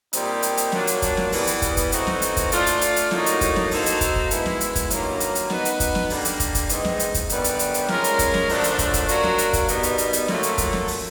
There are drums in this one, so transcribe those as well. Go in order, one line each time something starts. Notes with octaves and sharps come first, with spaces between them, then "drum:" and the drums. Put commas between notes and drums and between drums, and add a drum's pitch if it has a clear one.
A#2 G3 C4 D#4 G4, drum: hi-hat
drum: hi-hat
drum: hi-hat
A#2 F#3 A#3 D4, drum: snare
drum: hi-hat
drum: kick, hi-hat
drum: snare
E3 G3 B3, drum: open hi-hat
drum: hi-hat
drum: kick, hi-hat
drum: kick, hi-hat
E3 A3 C4 D#4 F#4, drum: hi-hat
drum: snare
drum: hi-hat
drum: kick, hi-hat
A3 D4 F4, drum: hi-hat
drum: hi-hat
drum: hi-hat
drum: hi-hat
A2 F#3 A#3 D#4 F#4, drum: snare
drum: hi-hat
drum: kick, hi-hat
drum: snare
A#3 D#4 F#4 A4 C5, drum: open hi-hat
drum: hi-hat
drum: kick, hi-hat
drum: kick
G#3 B3 E4, drum: hi-hat
drum: snare
drum: hi-hat
drum: kick, hi-hat
G2 D#3 F#3 A#3, drum: hi-hat
drum: hi-hat
drum: hi-hat
B3 D#4 F#4 B4, drum: snare
drum: hi-hat
drum: kick, hi-hat
drum: snare
D3 G3 A#3, drum: open hi-hat
drum: hi-hat
drum: kick, hi-hat
drum: kick, hi-hat
G#2 E3 G#3 C4 D#4, drum: hi-hat
drum: snare
drum: hi-hat
drum: kick, hi-hat
F#2 D3 G3 B3, drum: hi-hat
drum: hi-hat
drum: hi-hat
drum: hi-hat
G#3 C#4 F4 A#4, drum: snare
drum: hi-hat
drum: kick, hi-hat
drum: snare
F#2 D3 F3 A3 D4, drum: open hi-hat
drum: hi-hat
drum: kick, hi-hat
drum: kick, hi-hat
F#3 A#3 D4 F#4 A#4, drum: hi-hat
drum: snare
drum: hi-hat
drum: kick, hi-hat
B2 G3 B3 D#4, drum: hi-hat
drum: hi-hat
drum: hi-hat
drum: hi-hat
A#2 F#3 A3, drum: snare
drum: hi-hat
drum: kick, hi-hat
drum: snare
drum: open hi-hat